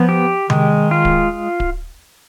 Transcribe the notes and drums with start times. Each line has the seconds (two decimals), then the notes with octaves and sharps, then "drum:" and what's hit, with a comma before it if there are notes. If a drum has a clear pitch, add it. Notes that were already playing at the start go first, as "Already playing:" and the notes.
Already playing: F3 B3
0.09 G4
0.50 D#3 G#3, drum: tom C3
0.91 F4
1.05 drum: kick D1
1.60 drum: kick D1